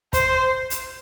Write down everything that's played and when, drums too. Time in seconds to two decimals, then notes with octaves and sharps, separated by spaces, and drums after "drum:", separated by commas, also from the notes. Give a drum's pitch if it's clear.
0.13 C5, drum: kick, hi-hat
0.70 drum: hi-hat